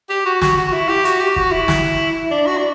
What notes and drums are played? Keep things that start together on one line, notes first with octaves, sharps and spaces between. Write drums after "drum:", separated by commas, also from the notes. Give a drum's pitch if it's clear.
G4
F#4
F#4, drum: snare
F#4
E4
G4
F#4, drum: hi-hat
G4
F#4, drum: kick
E4
drum: snare
D4
F#4
D4